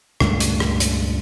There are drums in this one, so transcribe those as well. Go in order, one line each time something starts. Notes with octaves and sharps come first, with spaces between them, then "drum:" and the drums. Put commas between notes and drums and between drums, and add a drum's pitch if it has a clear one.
C#2 G2 A#2 A3, drum: rim click
drum: hi-hat
drum: rim click
drum: hi-hat